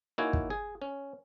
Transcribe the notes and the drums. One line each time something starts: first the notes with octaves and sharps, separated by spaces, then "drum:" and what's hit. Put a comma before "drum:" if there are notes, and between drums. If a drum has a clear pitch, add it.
A#3 D#4 E4 F#4 C#5 G#5
drum: kick
G#4
C#4